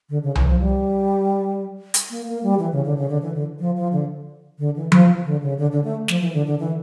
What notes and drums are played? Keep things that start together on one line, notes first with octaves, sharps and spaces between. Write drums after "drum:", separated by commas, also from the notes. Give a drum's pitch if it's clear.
D3
C#3
E3, drum: tom C2
F3
G3
drum: hi-hat
A#3
A#3
G3
E3
C#3
D3
C#3
D3
E3
D3
F3
F3
D3
D3
E3
F3, drum: tom F3
D3
C#3
D3
D3
A3
F3, drum: snare
E3
D3
D3
E3